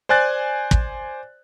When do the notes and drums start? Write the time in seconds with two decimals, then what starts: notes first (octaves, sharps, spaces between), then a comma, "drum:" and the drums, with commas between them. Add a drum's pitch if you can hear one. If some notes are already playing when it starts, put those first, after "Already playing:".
0.09 C5 D5 G#5 F#6 A6
0.71 drum: kick